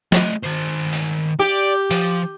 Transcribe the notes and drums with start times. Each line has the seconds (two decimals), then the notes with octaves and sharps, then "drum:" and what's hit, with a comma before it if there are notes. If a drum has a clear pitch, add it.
0.12 A3 D#5, drum: snare
0.43 D#3 C5
0.93 drum: open hi-hat
1.39 G4 D5
1.91 F3, drum: open hi-hat